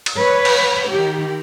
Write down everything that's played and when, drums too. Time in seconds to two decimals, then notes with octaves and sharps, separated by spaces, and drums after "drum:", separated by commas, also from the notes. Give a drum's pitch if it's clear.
0.06 drum: cymbal
0.17 B4 C#5
0.45 drum: cymbal
0.89 D#3 G4